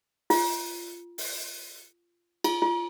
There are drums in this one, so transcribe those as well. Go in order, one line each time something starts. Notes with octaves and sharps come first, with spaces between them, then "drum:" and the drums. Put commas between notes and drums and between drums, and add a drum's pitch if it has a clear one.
F4, drum: open hi-hat
drum: open hi-hat
F4, drum: cymbal
F4